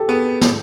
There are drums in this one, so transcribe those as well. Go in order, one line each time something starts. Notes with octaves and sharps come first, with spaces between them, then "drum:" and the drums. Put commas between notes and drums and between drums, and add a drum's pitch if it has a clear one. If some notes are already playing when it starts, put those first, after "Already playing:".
Already playing: G4 A4
B3 G#4
drum: snare